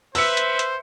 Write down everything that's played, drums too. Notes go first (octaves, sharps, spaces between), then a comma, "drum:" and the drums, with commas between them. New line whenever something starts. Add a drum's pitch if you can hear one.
B4 C5 E5 E6 C#7, drum: open hi-hat
drum: hi-hat
drum: hi-hat